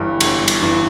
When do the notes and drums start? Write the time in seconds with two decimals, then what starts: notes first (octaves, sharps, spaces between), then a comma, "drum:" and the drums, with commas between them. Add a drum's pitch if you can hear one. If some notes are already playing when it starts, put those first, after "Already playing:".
Already playing: G1 G2 E3
0.20 G1, drum: cymbal
0.48 drum: cymbal
0.62 G2 E3